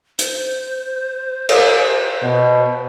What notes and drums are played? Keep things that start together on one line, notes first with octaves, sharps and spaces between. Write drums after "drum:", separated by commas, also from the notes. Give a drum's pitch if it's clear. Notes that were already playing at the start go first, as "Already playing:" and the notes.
C5, drum: hi-hat
drum: cymbal
B2